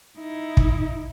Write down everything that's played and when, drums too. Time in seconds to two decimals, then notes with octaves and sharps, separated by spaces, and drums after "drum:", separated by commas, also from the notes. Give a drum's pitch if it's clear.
0.18 D#4 E4
0.57 drum: kick